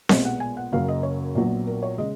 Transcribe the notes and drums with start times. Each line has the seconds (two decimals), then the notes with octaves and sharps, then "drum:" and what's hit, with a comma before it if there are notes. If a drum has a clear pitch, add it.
0.09 B1 A#2 G#3 B3 D#5, drum: snare C4
0.25 F#5
0.40 G#5
0.57 F#5
0.72 F#1 F#2 C#3 F#3 F5
0.88 D#5
1.03 C#5
1.35 A#1 A#2 F#3 B3
1.67 A#4
1.83 C#5
1.98 C#3 G#3 D#5